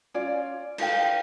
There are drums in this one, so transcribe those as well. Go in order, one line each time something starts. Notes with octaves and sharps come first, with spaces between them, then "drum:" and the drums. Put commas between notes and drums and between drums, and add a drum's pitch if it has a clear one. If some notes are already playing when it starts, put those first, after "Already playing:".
C#4 F4 D5
D#4 A4 F5 G5, drum: cymbal